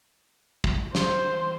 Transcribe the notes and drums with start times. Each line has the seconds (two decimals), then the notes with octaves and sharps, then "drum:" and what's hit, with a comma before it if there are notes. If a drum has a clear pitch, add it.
0.64 drum: kick
0.95 C5, drum: snare